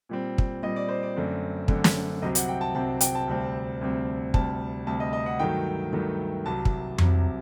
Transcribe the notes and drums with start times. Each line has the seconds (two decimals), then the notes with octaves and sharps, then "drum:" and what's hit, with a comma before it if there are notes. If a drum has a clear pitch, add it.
0.09 A#2 G3 C4
0.38 drum: kick
0.63 A#2 G3 C4 D#5
0.76 D5
0.89 C5
1.03 D5
1.16 F#2 D3 A3 C4
1.68 F#2 D3 A3 C4, drum: kick
1.84 drum: snare
2.22 C2 C3 F#3 C4 D#5
2.35 F#5, drum: hi-hat
2.49 G5
2.61 A5
2.74 C2 C3 F#3 C4 A5
3.01 G5, drum: hi-hat
3.15 A5
3.28 D2 C3 G3 C4
3.81 D2 C3 G3 C4
4.34 D2 C3 G3 A5, drum: kick
4.87 D2 C3 G3 A5
5.00 D#5
5.13 D#5
5.26 F#5
5.39 G2 D#3 F#3 A3 G5
5.93 G2 D#3 F#3 A3
6.46 C2 C3 F#3 A5
6.65 drum: kick
6.98 C2 C3 F#3, drum: tom F2